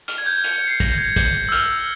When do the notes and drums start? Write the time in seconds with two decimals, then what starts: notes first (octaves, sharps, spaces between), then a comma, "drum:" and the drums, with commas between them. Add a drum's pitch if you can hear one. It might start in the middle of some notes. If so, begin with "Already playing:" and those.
0.08 F6, drum: hi-hat
0.18 G#6
0.26 G6
0.44 C#7, drum: hi-hat
0.56 C#7
0.68 C7
0.80 A#6, drum: kick, hi-hat
0.92 G6
0.98 G#6
1.16 G6, drum: kick, hi-hat
1.49 E6
1.52 F6, drum: hi-hat